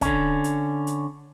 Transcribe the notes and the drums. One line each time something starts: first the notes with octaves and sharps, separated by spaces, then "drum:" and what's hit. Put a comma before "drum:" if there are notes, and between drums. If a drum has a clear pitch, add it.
D3 C#4, drum: kick, hi-hat
drum: hi-hat
drum: hi-hat